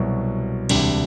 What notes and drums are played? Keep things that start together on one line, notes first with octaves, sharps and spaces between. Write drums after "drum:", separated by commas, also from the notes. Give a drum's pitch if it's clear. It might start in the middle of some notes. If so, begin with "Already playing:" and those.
Already playing: C2 B2 F#3
E1 D2 C3 G3 D4, drum: cymbal